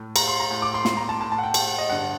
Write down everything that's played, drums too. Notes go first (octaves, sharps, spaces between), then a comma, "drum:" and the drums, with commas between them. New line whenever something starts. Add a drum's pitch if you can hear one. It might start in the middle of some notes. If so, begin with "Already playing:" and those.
Already playing: A2
A#5, drum: cymbal
C6
A#5
A2
D6
C6
C6, drum: snare
A#5
A5
A2 A5
A5
F#5
G5
G5, drum: cymbal
F#5
D#5
G2 D3 F#5